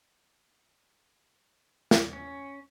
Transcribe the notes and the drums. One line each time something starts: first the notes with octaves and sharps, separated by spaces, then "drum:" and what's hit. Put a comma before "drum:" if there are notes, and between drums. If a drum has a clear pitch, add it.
drum: snare
C#4